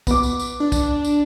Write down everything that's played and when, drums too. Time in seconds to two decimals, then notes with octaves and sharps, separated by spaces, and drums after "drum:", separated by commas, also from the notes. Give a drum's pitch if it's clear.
0.07 B3 D6, drum: kick, tambourine
0.23 drum: tambourine
0.39 drum: tambourine
0.60 D4
0.72 drum: kick, tambourine
1.05 drum: tambourine